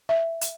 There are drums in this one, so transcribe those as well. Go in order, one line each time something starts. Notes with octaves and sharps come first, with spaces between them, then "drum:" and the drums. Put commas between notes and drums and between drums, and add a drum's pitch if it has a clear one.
E5
drum: hi-hat